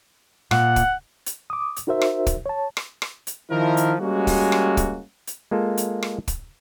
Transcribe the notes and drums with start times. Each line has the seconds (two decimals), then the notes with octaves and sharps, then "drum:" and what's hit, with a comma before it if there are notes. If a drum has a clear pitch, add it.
0.51 A#2 F#5, drum: rim click
0.76 drum: kick, hi-hat
1.26 drum: hi-hat
1.50 D6 D#6
1.76 drum: hi-hat
1.87 D#4 F#4 A#4 C5 E5
2.01 drum: rim click
2.27 drum: kick, hi-hat
2.46 C#5 A5
2.77 drum: rim click
3.02 drum: rim click
3.27 drum: hi-hat
3.50 D#3 F3 E4 A#4
3.77 drum: hi-hat
4.00 G3 G#3 A#3 C#4 F#4
4.27 drum: kick, open hi-hat
4.52 drum: rim click
4.77 drum: kick, hi-hat
5.27 drum: hi-hat
5.51 G#3 A#3 F4 A4
5.77 drum: hi-hat
6.03 drum: rim click
6.28 drum: kick, hi-hat